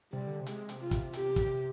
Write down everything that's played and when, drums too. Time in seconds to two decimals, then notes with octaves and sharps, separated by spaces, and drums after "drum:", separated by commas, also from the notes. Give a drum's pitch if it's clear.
0.12 C3 G3
0.27 D3
0.40 C3
0.47 G#3, drum: hi-hat
0.69 drum: hi-hat
0.80 F4
0.91 drum: kick, hi-hat
1.14 G4, drum: hi-hat
1.36 drum: kick, hi-hat